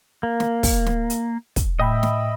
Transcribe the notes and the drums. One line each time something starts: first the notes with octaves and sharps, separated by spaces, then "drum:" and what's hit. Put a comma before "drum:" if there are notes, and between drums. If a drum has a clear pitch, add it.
A#3
drum: snare
drum: kick, open hi-hat
drum: snare
drum: hi-hat
drum: kick, hi-hat
A2 D#5 E5 G5 B5
drum: snare